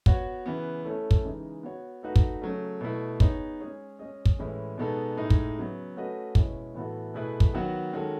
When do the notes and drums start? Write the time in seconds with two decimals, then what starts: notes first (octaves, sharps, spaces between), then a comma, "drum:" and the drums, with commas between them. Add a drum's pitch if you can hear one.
0.06 B3 F#4 C#5, drum: kick
0.46 C#3 E3 B3
0.84 A3 C#4 E4 A4
1.11 drum: kick
1.24 C#3 E3 G#3 D#4
1.63 B3 F#4 C#5
2.03 A3 D#4 F#4 B4
2.16 drum: kick
2.42 C#3 F#3 A3
2.81 B2 A3 E4
3.20 B3 D#4 G#4 C#5, drum: kick
3.60 G#3 C#4 G#4 C#5
3.99 G#3 C#4 G#4 D#5
4.25 drum: kick
4.39 A2 E3 G#3 C#4 E4
4.78 B2 G#3 B3 D#4 A4
5.17 A2 G#3 D#4
5.30 drum: kick
5.57 C#3 F#3 B3
5.97 A3 C#4 F#4 B4 D#5
6.35 B2 G#3 C#4 E4, drum: kick
6.74 A2 E3 B3 F#4 A4
7.14 B2 A3 E4 G#4 B4
7.40 drum: kick
7.53 D#3 F#3 B3 F#4
7.93 D#3 G#3 C#4 F#4 A4